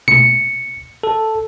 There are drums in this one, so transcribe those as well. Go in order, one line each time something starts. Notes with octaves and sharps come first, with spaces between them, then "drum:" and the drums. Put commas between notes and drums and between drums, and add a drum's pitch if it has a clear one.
C#7, drum: tom B2
A4